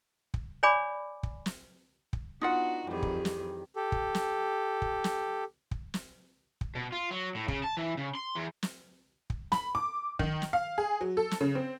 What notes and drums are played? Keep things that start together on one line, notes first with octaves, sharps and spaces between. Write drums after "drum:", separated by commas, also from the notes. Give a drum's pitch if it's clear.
drum: kick
C#5 D5 G#5 B5 D6
drum: kick
drum: snare
drum: kick
B3 D4 D#4 F4 F#4 F#5
F2 D#3 E3 G3 G#4
drum: kick
drum: snare
G4 A4
drum: kick
drum: snare
drum: kick
drum: snare
drum: kick
drum: snare
drum: kick
B2
F4
F#3
A2
C#3, drum: kick
A5
E3
C#3
C6
E2
drum: snare
drum: kick
B5, drum: snare
D6
D#3, drum: kick
drum: snare
F5
G#4
F#3
A4
drum: snare
C#3
C4